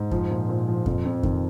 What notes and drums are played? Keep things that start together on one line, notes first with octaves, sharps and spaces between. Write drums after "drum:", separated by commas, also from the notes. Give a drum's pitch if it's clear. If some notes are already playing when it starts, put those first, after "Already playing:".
Already playing: G#2
F3, drum: kick F2
A#2
A#2
F3
F2, drum: kick F2
F2
D#3, drum: kick F2